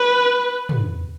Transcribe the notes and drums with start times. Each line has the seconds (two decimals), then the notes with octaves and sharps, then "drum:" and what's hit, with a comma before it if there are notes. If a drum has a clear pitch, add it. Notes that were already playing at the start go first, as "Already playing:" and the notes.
Already playing: B4
0.69 drum: tom